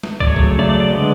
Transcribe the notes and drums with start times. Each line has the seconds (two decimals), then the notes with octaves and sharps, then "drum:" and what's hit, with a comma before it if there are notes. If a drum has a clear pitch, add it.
0.03 drum: snare
0.20 D5, drum: kick
0.27 C#3 F#3 A3 C#5
0.36 drum: kick
0.59 C#3 F#3 A3 D5
0.69 D5
0.80 D5
0.91 D3 G#3 B3